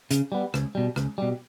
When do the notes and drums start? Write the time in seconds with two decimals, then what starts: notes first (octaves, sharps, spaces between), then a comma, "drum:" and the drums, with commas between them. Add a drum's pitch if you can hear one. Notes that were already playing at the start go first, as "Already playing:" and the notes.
0.11 C#3, drum: hi-hat
0.32 G3 B3
0.54 C#2, drum: rim click
0.75 B2 G3
0.96 C#2, drum: rim click
1.18 B2 G3